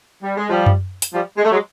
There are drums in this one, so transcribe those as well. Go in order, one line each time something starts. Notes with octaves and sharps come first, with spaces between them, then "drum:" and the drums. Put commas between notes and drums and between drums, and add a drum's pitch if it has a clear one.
G3
G#3
F3 G3
drum: tom F#2
drum: hi-hat
F3 G3
G#3
A3
F#3 G#3